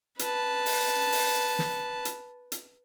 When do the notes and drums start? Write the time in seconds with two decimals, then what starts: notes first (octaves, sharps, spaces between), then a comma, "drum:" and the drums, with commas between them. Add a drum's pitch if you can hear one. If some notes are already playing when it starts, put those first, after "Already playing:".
0.19 B4 A5, drum: hi-hat
0.66 drum: open hi-hat
1.12 drum: open hi-hat
1.59 drum: snare
2.05 drum: hi-hat
2.52 drum: hi-hat